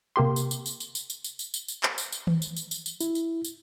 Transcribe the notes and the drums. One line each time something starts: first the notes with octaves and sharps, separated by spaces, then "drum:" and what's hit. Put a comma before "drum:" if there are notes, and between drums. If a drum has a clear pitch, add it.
C3 A#3 G4 C6
drum: tambourine
drum: tambourine
drum: tambourine
drum: tambourine
drum: tambourine
drum: tambourine
drum: tambourine
drum: tambourine
drum: tambourine
drum: tambourine
drum: clap
drum: tambourine
drum: tambourine
drum: tom D#3
drum: tambourine
drum: tambourine
drum: tambourine
drum: tambourine
E4, drum: tambourine
drum: tambourine
drum: tambourine